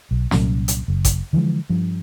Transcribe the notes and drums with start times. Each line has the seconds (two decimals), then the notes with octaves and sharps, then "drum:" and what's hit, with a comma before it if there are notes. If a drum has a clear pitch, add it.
0.11 B1
0.31 C2 A#2 F#3 C#4, drum: snare
0.68 drum: hi-hat
0.88 F#1
1.05 drum: kick G#1, hi-hat
1.33 D3 E3 F3 G#3
1.70 G2 F3